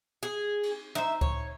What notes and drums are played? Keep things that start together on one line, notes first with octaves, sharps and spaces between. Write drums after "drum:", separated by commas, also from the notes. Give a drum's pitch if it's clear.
G#4
drum: cymbal
D#4 C5 E5
C#5, drum: kick C#2